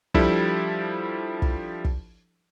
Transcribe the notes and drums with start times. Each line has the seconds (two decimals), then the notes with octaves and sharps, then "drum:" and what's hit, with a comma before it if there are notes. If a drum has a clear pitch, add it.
0.14 F3 G3 D4 E4 A4, drum: kick
1.42 drum: kick
1.85 drum: kick